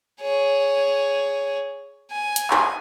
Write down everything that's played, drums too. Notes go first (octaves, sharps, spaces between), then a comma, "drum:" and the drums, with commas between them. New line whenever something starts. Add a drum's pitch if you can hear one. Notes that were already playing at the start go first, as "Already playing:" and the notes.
G#4 C#5
G#5
drum: hi-hat
drum: clap